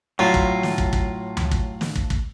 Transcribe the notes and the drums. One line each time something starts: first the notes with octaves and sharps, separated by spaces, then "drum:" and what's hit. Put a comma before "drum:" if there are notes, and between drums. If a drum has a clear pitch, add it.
A2 F#3 F4
drum: kick
drum: snare
drum: kick
drum: kick
drum: tom D2
drum: kick
drum: snare
drum: kick
drum: kick